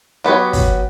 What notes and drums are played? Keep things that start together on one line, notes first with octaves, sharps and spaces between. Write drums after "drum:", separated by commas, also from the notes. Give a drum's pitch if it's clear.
F#3 B3 G4 C#5
drum: kick, open hi-hat